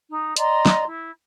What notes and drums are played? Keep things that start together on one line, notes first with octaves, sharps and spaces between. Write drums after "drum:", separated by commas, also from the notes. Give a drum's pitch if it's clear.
D#4
D5 D#5 A#5 C6, drum: hi-hat
drum: snare
E4